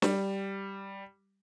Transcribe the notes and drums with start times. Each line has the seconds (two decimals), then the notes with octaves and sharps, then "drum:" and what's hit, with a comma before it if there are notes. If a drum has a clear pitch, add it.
0.02 G3, drum: snare